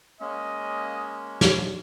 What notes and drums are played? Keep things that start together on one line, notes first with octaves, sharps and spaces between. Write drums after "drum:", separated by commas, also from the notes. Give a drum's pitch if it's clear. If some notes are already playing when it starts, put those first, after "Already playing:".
G#3 A#3 C#4 D#5
drum: snare